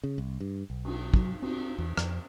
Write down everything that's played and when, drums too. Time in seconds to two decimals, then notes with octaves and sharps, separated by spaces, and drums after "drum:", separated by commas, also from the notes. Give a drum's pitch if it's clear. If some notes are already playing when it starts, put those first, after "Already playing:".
0.04 C#3
0.18 C2
0.40 G2
0.70 B1
0.84 drum: cymbal
1.14 F#3, drum: kick
1.42 C4, drum: cymbal
1.78 E2
1.97 F2, drum: rim click